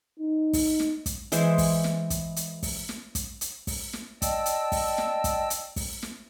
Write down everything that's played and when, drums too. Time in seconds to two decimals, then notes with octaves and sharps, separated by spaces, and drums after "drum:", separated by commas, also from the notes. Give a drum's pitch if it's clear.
0.20 D#4
0.53 drum: kick, open hi-hat
0.80 drum: snare
1.06 drum: kick, hi-hat
1.32 E3 G#3 E4 C5, drum: hi-hat
1.58 drum: kick, open hi-hat
1.84 drum: snare
2.10 drum: kick, hi-hat
2.36 drum: hi-hat
2.63 drum: kick, open hi-hat
2.89 drum: snare
3.15 drum: kick, hi-hat
3.41 drum: hi-hat
3.67 drum: kick, open hi-hat
3.93 drum: snare
4.22 D5 D#5 G5 A5 E6, drum: kick, hi-hat
4.46 drum: hi-hat
4.72 drum: kick, open hi-hat
4.98 drum: snare
5.24 drum: kick, hi-hat
5.50 drum: hi-hat
5.76 drum: kick, open hi-hat
6.02 drum: snare